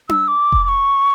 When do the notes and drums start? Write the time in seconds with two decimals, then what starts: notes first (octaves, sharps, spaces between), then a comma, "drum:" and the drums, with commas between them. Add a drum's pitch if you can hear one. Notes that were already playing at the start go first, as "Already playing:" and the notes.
0.09 E6, drum: tom D4
0.28 D6
0.52 drum: kick F1
0.64 D6
0.68 C#6